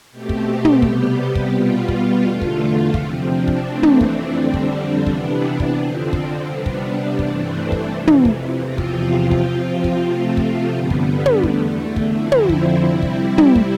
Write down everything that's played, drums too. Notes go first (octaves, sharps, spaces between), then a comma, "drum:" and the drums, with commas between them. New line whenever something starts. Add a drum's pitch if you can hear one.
B2 A3 C4 G4
drum: kick
drum: tom
C3 G3 B3, drum: kick
drum: kick
B2 G3 B3 F4
drum: kick
E2 D3 A3
drum: kick
C3 F3 C4, drum: kick
D4
drum: kick
F2 E3 A3 C4
drum: tom
drum: kick
F2 D3 G3 C4
drum: kick
C3 E3 B3 D4, drum: kick
drum: kick
F2 D3 F3 C4
drum: kick
C3 G3 B3 D4
drum: kick
G2 E3 A3 C4 D4, drum: kick
drum: kick
F2 C3 E3
drum: tom
drum: kick
E2 C3 F3 C4 F4
drum: kick
C3 F3 C4, drum: kick
drum: kick
C3 F3 A3 C4 F4
drum: kick
G2 D3 G3 B3
drum: kick
drum: tom
E2 D3 A3, drum: kick
drum: kick
F2 D3 F3 C4 E4
drum: tom
drum: kick
C3 G3 C4
drum: kick
drum: tom
drum: kick